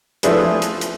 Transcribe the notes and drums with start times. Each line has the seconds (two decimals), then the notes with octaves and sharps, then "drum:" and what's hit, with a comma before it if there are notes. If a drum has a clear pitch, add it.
0.23 F3 A3 D4 E4 G#4 B4, drum: hi-hat
0.62 drum: hi-hat
0.81 drum: hi-hat